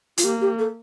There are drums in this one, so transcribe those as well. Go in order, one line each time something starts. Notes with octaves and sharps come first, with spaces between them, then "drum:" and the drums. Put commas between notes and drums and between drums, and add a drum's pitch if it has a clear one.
F4, drum: hi-hat
A#3 G4
G4
A4